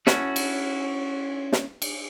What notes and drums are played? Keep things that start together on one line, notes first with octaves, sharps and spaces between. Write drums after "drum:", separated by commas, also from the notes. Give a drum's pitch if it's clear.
C#4 E4 F#4 A4, drum: snare
drum: cymbal
drum: snare
drum: cymbal